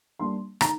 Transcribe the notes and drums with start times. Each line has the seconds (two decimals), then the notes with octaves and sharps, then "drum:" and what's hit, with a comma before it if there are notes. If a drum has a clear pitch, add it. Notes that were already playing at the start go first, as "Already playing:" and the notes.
0.19 G3 A#3 D4 C6
0.61 D#3 A#5, drum: rim click